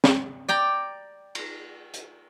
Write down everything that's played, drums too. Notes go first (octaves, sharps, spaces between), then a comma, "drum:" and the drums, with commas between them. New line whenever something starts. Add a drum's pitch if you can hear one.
drum: snare
D5 G5 A#5
drum: cymbal
drum: hi-hat